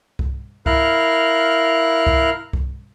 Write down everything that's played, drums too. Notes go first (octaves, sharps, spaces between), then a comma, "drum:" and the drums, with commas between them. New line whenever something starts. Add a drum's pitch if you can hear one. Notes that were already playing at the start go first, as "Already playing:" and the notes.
drum: kick C2
E4 A#4 F5 F6 F#6, drum: kick C2
drum: kick C2
drum: kick C2